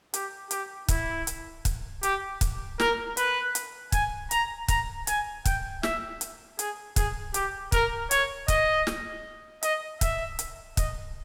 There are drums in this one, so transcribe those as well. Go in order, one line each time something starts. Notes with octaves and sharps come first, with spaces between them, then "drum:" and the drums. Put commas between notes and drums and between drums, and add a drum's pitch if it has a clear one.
G4, drum: hi-hat
G4, drum: hi-hat
E4, drum: kick, hi-hat
drum: hi-hat
drum: kick, hi-hat
G4, drum: hi-hat
drum: kick, hi-hat
A#4, drum: snare
B4, drum: hi-hat
drum: hi-hat
G#5, drum: kick, hi-hat
A#5, drum: hi-hat
A#5, drum: kick, hi-hat
G#5, drum: hi-hat
G5, drum: kick, hi-hat
E5, drum: snare
drum: hi-hat
G#4, drum: hi-hat
G#4, drum: kick, hi-hat
G4, drum: hi-hat
A#4, drum: kick, hi-hat
C#5, drum: hi-hat
D#5, drum: kick, hi-hat
drum: snare
D#5, drum: hi-hat
E5, drum: kick, hi-hat
drum: hi-hat
D#5, drum: kick, hi-hat